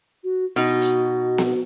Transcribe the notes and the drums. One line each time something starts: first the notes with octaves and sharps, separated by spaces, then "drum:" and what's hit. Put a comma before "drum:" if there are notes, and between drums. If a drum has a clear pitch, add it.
F#4
B2 D#4 F#4
drum: hi-hat
drum: snare B3